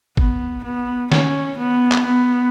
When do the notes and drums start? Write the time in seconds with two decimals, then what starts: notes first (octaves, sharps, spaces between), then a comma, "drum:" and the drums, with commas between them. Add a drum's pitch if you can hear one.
0.17 B3, drum: kick G#1
0.64 B3
1.12 C#4, drum: snare
1.58 B3
1.92 drum: clap
2.05 B3